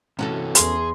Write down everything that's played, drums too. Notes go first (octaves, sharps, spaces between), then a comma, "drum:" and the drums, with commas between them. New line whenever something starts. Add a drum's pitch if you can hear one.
C3 E3 C#4 F#4 A4
E2 G#4 C6, drum: hi-hat